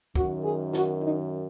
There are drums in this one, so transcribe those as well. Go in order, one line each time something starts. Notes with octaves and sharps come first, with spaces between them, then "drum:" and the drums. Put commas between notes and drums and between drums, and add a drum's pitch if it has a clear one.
F#2 D#3 F#4, drum: kick
G#4
F#4, drum: snare
D#4